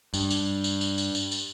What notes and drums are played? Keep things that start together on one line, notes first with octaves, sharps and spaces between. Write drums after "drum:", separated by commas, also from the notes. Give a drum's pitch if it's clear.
G2, drum: tambourine
drum: tambourine
drum: tambourine
drum: tambourine
drum: tambourine
drum: tambourine
drum: tambourine